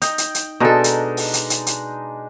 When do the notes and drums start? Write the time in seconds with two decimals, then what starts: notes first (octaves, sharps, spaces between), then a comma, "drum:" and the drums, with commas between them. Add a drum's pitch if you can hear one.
0.02 D#4 G5, drum: hi-hat
0.18 drum: hi-hat
0.35 drum: hi-hat
0.60 B2 G#3 D4 D#4 A4
0.84 drum: hi-hat
1.17 drum: open hi-hat
1.34 drum: hi-hat
1.50 drum: hi-hat
1.67 drum: hi-hat